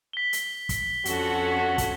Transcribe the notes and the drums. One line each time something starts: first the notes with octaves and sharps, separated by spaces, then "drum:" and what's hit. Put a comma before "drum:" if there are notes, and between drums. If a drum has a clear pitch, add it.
B6 G7
drum: hi-hat
drum: kick, hi-hat
F2 C#4 F#4 A4, drum: hi-hat
drum: kick, hi-hat